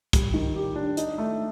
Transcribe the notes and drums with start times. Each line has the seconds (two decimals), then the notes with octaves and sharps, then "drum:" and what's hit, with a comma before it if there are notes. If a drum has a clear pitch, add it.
0.13 G3, drum: kick, hi-hat
0.34 D#3
0.56 G4
0.76 D4
0.97 D#4, drum: hi-hat
1.18 A3